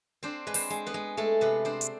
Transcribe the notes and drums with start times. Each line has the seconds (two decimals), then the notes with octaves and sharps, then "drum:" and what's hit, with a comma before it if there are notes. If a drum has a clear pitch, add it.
0.23 C4 D4 C5
0.47 G#3 B4
0.54 C4 C5, drum: open hi-hat
0.70 G#3
0.86 B3 B4
0.94 G#3
1.17 G#3 A3 A4
1.41 C3 B3 B4
1.65 C4 D4 C5
1.81 drum: hi-hat